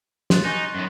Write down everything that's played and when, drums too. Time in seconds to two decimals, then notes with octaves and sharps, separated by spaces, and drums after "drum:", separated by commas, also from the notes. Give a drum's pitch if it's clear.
0.30 C6 F#6 A6, drum: snare
0.45 D#4 G#5 C#6 G6
0.75 F#2 D#3